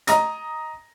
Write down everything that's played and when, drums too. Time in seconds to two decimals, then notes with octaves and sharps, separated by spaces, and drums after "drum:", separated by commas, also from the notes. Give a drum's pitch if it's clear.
0.07 D#5 A#5 D#6 A#6, drum: hi-hat